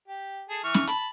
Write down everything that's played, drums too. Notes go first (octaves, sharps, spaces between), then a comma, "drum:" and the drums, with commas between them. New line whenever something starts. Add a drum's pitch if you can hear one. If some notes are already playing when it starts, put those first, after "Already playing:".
G4
G#4 A4
E3 C#6 F6
drum: snare C#4
A5 B5, drum: hi-hat